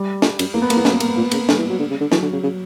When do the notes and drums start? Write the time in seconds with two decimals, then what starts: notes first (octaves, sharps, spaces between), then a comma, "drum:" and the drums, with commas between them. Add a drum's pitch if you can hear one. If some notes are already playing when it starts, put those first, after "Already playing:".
Already playing: G3
0.22 A#2, drum: snare
0.39 F#2, drum: cymbal
0.54 E2 A#3
0.62 B3
0.70 A#3, drum: cymbal
0.76 E2 B3
0.85 F#2 A#3, drum: snare
0.93 B3
1.00 A#3, drum: cymbal
1.08 B3
1.16 A#2 A#3
1.23 B3
1.31 C#3 A#3, drum: cymbal
1.49 D3 G3, drum: snare
1.59 E3
1.70 F#3
1.80 D3
1.90 C#3
2.01 D3
2.12 E3 F#3, drum: snare
2.22 D3
2.33 C#3
2.43 C#3